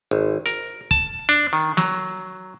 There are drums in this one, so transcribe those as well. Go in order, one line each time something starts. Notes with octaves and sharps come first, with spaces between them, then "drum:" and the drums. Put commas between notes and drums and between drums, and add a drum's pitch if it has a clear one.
G#1
A#4, drum: hi-hat
A5, drum: kick
D4
D#3
F#3, drum: snare